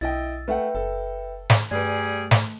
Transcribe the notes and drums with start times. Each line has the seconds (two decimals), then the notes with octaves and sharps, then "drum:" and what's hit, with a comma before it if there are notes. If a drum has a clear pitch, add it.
0.01 B1 E4 D#5 G5 E6 A6
0.48 A3 B4 E5 F#5 G5
0.75 F#1 A4
1.50 drum: snare
1.71 G2 G3 A3 G#4 B4 D5
2.31 drum: snare